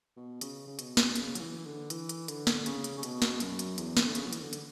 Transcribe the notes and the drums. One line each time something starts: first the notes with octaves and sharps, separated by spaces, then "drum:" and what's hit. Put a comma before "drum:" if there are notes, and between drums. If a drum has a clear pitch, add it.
B2
C#3, drum: hi-hat
C#3
B2, drum: hi-hat
drum: snare
C#3, drum: hi-hat
F#3, drum: hi-hat
E3
D3
E3, drum: hi-hat
drum: hi-hat
D3, drum: hi-hat
drum: snare
C#3, drum: hi-hat
drum: hi-hat
C#3
B2, drum: hi-hat
drum: snare
F#2, drum: hi-hat
drum: hi-hat
E2, drum: hi-hat
drum: snare
D3
C#3, drum: hi-hat
F#3
E3, drum: hi-hat
D3
drum: hi-hat